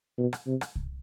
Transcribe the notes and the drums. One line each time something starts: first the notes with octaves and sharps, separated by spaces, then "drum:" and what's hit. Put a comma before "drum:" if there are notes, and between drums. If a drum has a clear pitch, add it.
B2
drum: rim click
C3
drum: rim click
drum: kick C2